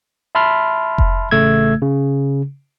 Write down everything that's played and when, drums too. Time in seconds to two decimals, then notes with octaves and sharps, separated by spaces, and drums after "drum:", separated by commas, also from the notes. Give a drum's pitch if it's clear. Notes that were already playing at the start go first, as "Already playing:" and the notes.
0.35 E5 A5 B5 C6 F6
0.98 drum: kick F1
1.31 A1 C#3 A3 E6 G#6
1.82 C#3